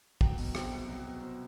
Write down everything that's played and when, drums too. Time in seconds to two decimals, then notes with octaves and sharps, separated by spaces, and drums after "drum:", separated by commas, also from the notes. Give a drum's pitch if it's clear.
0.21 F#3 G5, drum: kick
0.38 B2, drum: open hi-hat
0.55 C4 G5, drum: rim click
0.71 C2
0.88 F#3
1.05 B2
1.22 C4